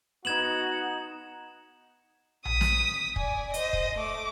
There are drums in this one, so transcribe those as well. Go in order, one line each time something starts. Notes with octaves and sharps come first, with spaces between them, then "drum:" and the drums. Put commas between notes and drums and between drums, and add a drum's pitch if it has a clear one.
B3 D#4 F#4 G#6 E7 F#7
D#6 B6, drum: tom A#1
drum: snare
D5 G#5, drum: kick
C5 D#5, drum: hi-hat
drum: kick
A3 D6